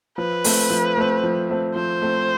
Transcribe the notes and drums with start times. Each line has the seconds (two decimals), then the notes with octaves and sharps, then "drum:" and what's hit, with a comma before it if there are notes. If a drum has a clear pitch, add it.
0.18 F3 B4
0.44 A3 C4, drum: open hi-hat
0.70 F3
0.97 A3 C4
1.24 F3
1.50 A3 C4
1.75 F3 C5
2.02 A3 C4